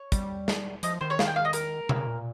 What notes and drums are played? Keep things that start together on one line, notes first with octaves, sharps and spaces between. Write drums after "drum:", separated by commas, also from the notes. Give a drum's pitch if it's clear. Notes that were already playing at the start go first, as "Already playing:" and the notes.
Already playing: C#5
G3, drum: kick, hi-hat
drum: snare
F3 D#5, drum: hi-hat
D#3 C5
C#5
F5, drum: snare
G5
F5
D#5
A#4, drum: hi-hat
C#3, drum: tom B2
A#2